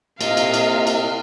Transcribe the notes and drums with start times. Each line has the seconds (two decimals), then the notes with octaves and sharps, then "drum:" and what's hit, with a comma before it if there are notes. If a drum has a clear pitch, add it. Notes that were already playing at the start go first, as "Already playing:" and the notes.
0.21 C3 A#3 F4 D#5 F5, drum: cymbal
0.37 drum: cymbal
0.54 drum: cymbal
0.87 drum: cymbal